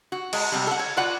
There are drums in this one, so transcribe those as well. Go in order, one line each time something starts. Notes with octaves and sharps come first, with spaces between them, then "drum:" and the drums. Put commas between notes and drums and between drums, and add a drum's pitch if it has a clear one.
F#4
G#3, drum: cymbal
C3 G3
A4 F#5
C#5
F4 F#4 B4 D5 F#5